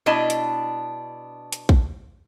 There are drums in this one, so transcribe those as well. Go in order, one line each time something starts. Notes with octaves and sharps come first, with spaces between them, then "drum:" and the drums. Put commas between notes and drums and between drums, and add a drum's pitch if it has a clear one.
B2 D4 E4 D#5 A5
drum: hi-hat
drum: hi-hat
drum: kick